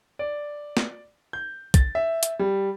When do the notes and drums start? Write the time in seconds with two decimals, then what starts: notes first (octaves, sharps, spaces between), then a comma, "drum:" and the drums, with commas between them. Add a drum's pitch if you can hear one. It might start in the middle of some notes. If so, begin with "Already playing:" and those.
0.19 D5
0.77 drum: snare
1.33 G6
1.74 A6, drum: kick, hi-hat
1.95 E5
2.23 drum: hi-hat
2.39 G3